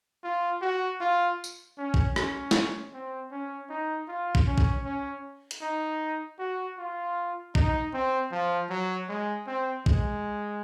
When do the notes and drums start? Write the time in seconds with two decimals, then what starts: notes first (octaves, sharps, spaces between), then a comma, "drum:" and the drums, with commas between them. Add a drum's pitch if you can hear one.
0.24 F4
0.62 F#4
1.01 F4
1.44 drum: tambourine
1.78 C#4
1.94 drum: kick
2.16 C#4, drum: rim click
2.51 drum: snare
2.94 C4
3.31 C#4
3.70 D#4
4.08 F4
4.35 drum: kick
4.47 C#4
4.58 drum: kick
4.85 C#4
5.51 drum: hi-hat
5.62 D#4
6.39 F#4
6.78 F4
7.55 D#4, drum: kick
7.93 C4
8.32 F3
8.70 F#3
9.09 G#3
9.47 C4
9.86 G#3, drum: kick